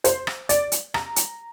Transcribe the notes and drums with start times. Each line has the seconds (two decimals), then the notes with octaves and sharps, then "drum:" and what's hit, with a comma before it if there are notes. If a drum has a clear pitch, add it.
0.04 C5, drum: hi-hat
0.27 drum: rim click
0.49 D5, drum: hi-hat
0.72 drum: hi-hat
0.94 A#5, drum: rim click
1.16 drum: hi-hat